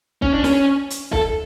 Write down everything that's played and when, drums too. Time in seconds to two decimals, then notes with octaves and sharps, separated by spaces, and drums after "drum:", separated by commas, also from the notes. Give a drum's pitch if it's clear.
0.22 C#4, drum: kick
0.34 D4
0.44 C#4, drum: snare
0.90 drum: hi-hat
1.13 A4, drum: kick